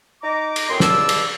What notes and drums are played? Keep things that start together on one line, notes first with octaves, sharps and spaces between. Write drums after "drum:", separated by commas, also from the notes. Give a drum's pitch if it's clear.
D#4 A#5 D6
drum: cymbal
F#2 A2 C4 G#4 C6
C#2 G2 A5 D6 E6, drum: snare
drum: cymbal